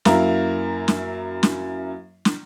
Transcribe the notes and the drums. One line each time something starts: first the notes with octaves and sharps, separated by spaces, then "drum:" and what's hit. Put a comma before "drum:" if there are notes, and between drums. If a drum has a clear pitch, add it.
F#2 A#3 E4 A#5, drum: snare
drum: snare
drum: snare
drum: snare